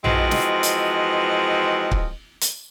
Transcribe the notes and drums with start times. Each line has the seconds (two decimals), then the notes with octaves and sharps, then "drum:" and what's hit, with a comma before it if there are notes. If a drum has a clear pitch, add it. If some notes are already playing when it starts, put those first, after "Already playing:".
0.04 E3 F3 G#3 C4 F#4 D#5, drum: tom A#1
0.31 drum: snare
0.63 drum: hi-hat
1.91 drum: kick
2.41 drum: hi-hat